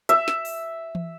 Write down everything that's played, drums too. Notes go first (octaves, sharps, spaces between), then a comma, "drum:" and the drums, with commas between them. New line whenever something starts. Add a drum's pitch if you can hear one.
E5, drum: hi-hat
drum: snare
drum: open hi-hat
drum: tom E3